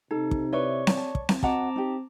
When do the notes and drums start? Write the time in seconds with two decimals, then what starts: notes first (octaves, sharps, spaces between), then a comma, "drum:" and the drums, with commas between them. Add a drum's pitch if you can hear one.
0.11 C3 D#4 A4
0.31 drum: kick
0.53 E4 B4 C#5 D5 E5 C#6
0.87 drum: snare C4
0.97 A5
1.15 drum: kick
1.29 drum: snare C4
1.43 C4 F#4 D#5 F#5 A5 A#5 D6, drum: kick
1.76 D#4 G4